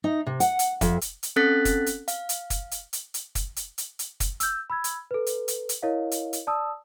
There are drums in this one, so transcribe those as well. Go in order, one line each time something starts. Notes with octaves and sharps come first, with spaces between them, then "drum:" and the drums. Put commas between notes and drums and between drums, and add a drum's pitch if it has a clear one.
D#4
C3
F#5, drum: hi-hat
drum: hi-hat
F2, drum: kick, hi-hat
drum: hi-hat
drum: hi-hat
C4 C#4 A4 F#6 A6 B6
drum: kick, hi-hat
drum: hi-hat
F5, drum: hi-hat
drum: hi-hat
drum: kick, hi-hat
drum: hi-hat
drum: hi-hat
drum: hi-hat
drum: kick, hi-hat
drum: hi-hat
drum: hi-hat
drum: hi-hat
drum: kick, hi-hat
E6 G6, drum: hi-hat
B5 E6 G#6
drum: hi-hat
A4 B4
drum: hi-hat
drum: hi-hat
drum: hi-hat
E4 A#4 C#5 D#5 F5
drum: hi-hat
drum: hi-hat
D5 A5 D#6 E6